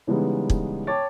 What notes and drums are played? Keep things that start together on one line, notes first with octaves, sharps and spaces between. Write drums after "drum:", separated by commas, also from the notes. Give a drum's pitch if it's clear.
C#3 E3 G3 G#3 B3 D#4
drum: kick
C#5 G5 A5 D6 A6